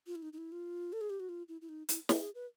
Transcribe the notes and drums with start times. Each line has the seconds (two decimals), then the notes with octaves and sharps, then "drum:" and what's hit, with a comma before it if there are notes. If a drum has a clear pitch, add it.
0.07 F4
0.15 E4
0.22 D#4
0.33 D#4
0.38 E4
0.52 F4
0.93 A4
1.01 G#4
1.10 G4
1.20 F#4
1.29 F4
1.49 E4
1.62 E4
1.69 D#4
1.89 E4, drum: hi-hat
2.09 A4, drum: snare
2.20 G#4
2.35 B4